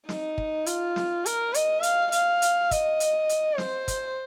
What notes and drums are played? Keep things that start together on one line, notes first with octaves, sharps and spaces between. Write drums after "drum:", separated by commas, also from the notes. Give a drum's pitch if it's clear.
D#4, drum: snare
drum: kick
F4, drum: hi-hat
drum: snare
A#4, drum: hi-hat
D#5, drum: hi-hat
F5, drum: hi-hat
F5, drum: hi-hat
drum: hi-hat
D#5, drum: kick, hi-hat
drum: hi-hat
drum: hi-hat
C5, drum: snare
drum: kick, hi-hat